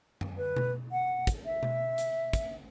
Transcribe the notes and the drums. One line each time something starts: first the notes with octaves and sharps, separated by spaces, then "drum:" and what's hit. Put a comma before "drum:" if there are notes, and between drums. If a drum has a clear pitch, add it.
drum: tom F#2
B4
drum: tom B2
F#5
drum: kick, hi-hat
E5
drum: tom B2
drum: hi-hat
drum: kick, hi-hat